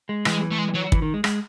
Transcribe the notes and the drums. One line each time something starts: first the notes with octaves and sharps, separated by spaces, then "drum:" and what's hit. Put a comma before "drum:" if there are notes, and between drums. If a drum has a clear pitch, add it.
G#3
E3 G#3, drum: rim click
A3
G#3
F#3
E3, drum: kick
D#3
G#3
G#3, drum: rim click